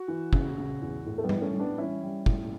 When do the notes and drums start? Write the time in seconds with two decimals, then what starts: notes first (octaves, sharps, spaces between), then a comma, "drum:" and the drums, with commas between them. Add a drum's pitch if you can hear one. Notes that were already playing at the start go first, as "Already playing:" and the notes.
Already playing: F#4
0.08 E3
0.33 C#3, drum: kick
0.58 C#3
0.82 E2
1.06 A2
1.18 A3
1.24 G3 B3
1.29 A2, drum: tom G3
1.41 A3 C#4
1.54 G3
1.60 B3 D4
1.78 E3 C#4 E4
2.03 G3
2.26 A2, drum: kick